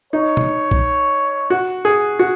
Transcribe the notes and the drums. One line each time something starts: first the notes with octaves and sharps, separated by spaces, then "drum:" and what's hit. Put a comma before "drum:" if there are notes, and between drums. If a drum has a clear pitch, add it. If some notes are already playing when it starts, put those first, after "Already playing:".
D#4 C#5
drum: tom
drum: kick A#1
F#4
G#4
F#4